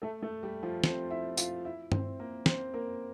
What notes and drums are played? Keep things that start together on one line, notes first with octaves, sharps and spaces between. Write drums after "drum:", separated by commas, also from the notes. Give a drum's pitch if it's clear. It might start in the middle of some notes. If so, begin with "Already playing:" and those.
A3 A4
A3 A4
G3 G4
F3 F4
C4 C5, drum: snare
E4 E5
F4 F5, drum: tambourine
E4 E5
C4 C5, drum: tom G2
A#3 A#4
C4 C5, drum: snare
A#3 A#4